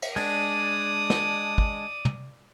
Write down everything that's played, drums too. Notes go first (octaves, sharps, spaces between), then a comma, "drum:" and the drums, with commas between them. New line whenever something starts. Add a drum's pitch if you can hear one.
drum: cymbal
G#3 D4 D5 D#6, drum: open hi-hat
drum: snare
drum: kick
drum: tom